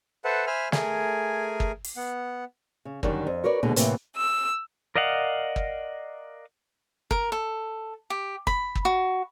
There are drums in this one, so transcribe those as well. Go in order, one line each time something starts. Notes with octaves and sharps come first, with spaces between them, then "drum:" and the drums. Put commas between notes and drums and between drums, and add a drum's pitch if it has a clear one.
A4 B4 C5 E5 F#5 A5
C5 E5 G#5 B5 F6
A3 G#4 A#4 G#5, drum: snare
drum: kick
drum: open hi-hat
B3 F#5
C#3
F#2 D3 D#3 G3, drum: kick
F2
F#4 A#4 B4 C#5 D5
D#2 B2 D3 G3 G#3
A2 C3 E3 A#3 B3, drum: hi-hat
E6
A#4 D5 D#5 F5 F#5
drum: kick
A#4, drum: kick
A4
G4
B5, drum: kick
drum: kick
F#4